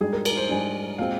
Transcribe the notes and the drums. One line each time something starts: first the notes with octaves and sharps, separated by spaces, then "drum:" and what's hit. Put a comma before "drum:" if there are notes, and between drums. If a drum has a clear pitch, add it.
G#2 G3 D4 G#4
A#4
A#4, drum: cymbal
C5
G#2 G3 D4 G#5
A#2 G#3 C4 F5